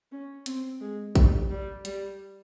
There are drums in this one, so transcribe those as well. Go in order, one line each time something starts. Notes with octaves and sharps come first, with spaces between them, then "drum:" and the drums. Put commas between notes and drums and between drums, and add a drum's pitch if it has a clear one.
C#4
C4, drum: hi-hat
G#3
G3, drum: kick, hi-hat
G3
G3, drum: hi-hat